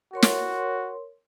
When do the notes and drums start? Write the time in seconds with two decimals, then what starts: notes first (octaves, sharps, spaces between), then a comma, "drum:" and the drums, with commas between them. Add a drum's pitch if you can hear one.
0.13 F#4 A#4 C#5 C6
0.22 drum: snare